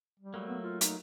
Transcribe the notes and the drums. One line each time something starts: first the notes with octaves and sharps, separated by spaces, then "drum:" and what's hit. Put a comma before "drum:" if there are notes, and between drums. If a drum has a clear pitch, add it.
G3
F#3 A3 A#3
B3
F4
D#4, drum: hi-hat